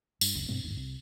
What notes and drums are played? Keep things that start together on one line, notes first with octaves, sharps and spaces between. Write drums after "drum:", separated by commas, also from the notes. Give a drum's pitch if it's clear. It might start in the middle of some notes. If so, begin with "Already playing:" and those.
G2, drum: tambourine
F#1 C#2
G2 B2 G#3 C4
G1 D#2 G#2
C2